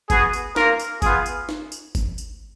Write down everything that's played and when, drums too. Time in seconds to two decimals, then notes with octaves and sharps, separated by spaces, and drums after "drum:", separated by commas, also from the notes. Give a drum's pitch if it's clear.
0.10 B3 F#4 G#4, drum: kick G1, tambourine
0.33 drum: tambourine
0.56 A#3 F4 A#4, drum: snare
0.80 drum: tambourine
1.02 B3 F4 G#4, drum: kick G1, tambourine
1.26 drum: tambourine
1.49 drum: snare
1.72 drum: tambourine
1.95 drum: kick G1, tambourine
2.18 drum: tambourine